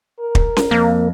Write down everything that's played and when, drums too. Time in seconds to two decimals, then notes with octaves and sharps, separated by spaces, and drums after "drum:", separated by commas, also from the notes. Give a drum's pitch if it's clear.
0.20 A#4
0.35 drum: kick
0.57 drum: snare C#4
0.71 F2 A#3